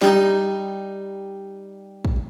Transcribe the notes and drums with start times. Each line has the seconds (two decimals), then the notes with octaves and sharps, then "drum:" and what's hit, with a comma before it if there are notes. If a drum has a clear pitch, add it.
0.02 G3 D#4, drum: snare
2.05 drum: kick